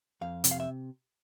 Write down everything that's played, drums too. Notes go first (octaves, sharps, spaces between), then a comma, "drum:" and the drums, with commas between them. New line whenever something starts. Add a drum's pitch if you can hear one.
F2 F5
C3, drum: hi-hat
F5
E5